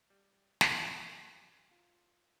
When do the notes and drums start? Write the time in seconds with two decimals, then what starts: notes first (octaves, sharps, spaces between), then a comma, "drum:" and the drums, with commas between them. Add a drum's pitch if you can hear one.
0.10 G3
0.61 B2, drum: snare
1.71 F4